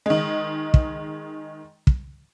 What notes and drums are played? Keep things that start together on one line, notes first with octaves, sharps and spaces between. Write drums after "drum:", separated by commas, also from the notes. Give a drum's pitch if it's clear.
D#3 G#3
drum: kick
drum: kick